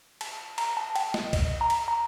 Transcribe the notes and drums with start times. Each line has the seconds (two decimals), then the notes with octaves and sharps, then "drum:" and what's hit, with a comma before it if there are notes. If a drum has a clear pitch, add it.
0.21 A5, drum: cymbal
0.58 A#5, drum: cymbal
0.77 A5
0.96 G5, drum: cymbal
1.14 D#5, drum: snare
1.33 D#5, drum: kick, cymbal
1.61 A#5
1.70 drum: cymbal
1.88 A#5